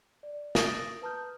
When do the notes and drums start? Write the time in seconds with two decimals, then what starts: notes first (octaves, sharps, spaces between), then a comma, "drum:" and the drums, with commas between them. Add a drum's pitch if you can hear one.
0.23 D5
0.55 D#6 A6 A#6 D7, drum: snare
1.02 B4 A5 A#5 D#6 F6 G6